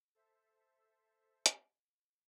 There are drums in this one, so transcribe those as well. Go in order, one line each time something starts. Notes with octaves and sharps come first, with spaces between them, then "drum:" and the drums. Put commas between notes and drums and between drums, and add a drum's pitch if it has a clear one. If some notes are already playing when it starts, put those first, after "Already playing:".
A4 C5 E5
drum: hi-hat